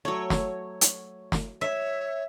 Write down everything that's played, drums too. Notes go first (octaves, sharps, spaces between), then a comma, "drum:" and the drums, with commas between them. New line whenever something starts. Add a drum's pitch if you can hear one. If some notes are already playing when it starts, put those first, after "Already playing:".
F#3 A3 C#5
drum: snare
drum: hi-hat
drum: snare
C#5 E5